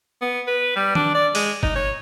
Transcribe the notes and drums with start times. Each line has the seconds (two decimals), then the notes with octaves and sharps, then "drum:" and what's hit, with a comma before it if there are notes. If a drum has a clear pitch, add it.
0.22 B3
0.47 B4
0.76 G3
0.95 D4, drum: tom D#3
1.15 D5
1.35 G#3, drum: open hi-hat
1.63 D#4, drum: kick
1.76 C#5